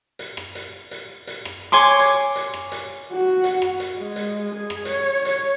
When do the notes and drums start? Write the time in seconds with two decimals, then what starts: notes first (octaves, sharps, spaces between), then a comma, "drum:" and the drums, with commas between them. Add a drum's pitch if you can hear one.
0.19 drum: hi-hat
0.37 drum: rim click
0.55 drum: hi-hat
0.91 drum: hi-hat
1.27 drum: hi-hat
1.45 drum: rim click
1.72 C#5 G#5 C6 D6
2.00 drum: hi-hat
2.36 drum: hi-hat
2.54 drum: rim click
2.72 drum: hi-hat
3.13 F#4
3.44 drum: hi-hat
3.62 drum: rim click
3.80 drum: hi-hat
3.98 G#3
4.16 drum: hi-hat
4.55 G#4
4.70 drum: rim click
4.85 C#5, drum: hi-hat
5.25 C#5, drum: hi-hat